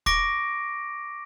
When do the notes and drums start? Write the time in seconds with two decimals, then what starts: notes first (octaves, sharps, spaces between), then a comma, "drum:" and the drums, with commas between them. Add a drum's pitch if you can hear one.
0.06 C#6 D6 A#6 D7, drum: kick